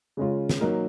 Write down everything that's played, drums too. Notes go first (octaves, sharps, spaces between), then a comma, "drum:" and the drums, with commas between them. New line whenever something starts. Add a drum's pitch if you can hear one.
C#3 G#3 C#4 F4
drum: snare
F#3 A#3 D#4 A#4